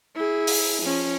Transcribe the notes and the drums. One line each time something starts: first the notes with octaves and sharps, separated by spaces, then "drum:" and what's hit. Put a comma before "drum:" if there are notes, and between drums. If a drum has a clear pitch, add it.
E4 G#4
drum: open hi-hat
F3 C#4